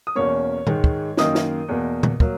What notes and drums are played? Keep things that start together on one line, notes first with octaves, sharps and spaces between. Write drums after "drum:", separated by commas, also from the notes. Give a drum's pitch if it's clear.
D#6
E2 B2 A#3 C#4 C#5 C#6
G#2 D#3 G#3, drum: tom A#2
drum: kick
F#2 D#3 A#3 D#5 D#6, drum: snare
drum: snare
E2 B2 A#3
drum: tom A#2
F#3 A#3, drum: kick